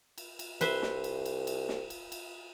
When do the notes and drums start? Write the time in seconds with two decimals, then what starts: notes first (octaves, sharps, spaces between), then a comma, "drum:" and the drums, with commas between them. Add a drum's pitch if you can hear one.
0.18 drum: cymbal
0.39 drum: cymbal
0.61 C2 B4 C5 E5, drum: cymbal
0.82 drum: snare
1.04 drum: cymbal
1.25 drum: cymbal
1.47 drum: cymbal
1.69 drum: snare
1.90 drum: cymbal
2.12 drum: cymbal